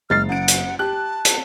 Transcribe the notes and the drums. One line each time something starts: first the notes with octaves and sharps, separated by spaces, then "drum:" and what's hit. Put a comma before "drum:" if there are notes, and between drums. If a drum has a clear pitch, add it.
F#1 G#3 F6 A6 C7
F#2 F#5 D7
drum: hi-hat
G4 A5 F#6
drum: hi-hat